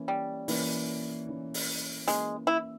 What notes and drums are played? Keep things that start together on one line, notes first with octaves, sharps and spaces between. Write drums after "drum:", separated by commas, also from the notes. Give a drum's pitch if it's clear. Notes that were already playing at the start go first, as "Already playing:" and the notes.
Already playing: E3 A#3 C#4
G3
E3 A#3 C#4, drum: open hi-hat
E3 A#3 C#4
drum: open hi-hat
E3 G#3 A#3 C#4, drum: hi-hat
E4